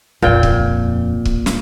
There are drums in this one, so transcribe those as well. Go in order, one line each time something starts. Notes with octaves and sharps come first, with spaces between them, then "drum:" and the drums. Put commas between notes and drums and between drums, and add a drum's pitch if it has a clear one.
D#1 F2 A#2 G5
drum: kick
drum: kick
drum: snare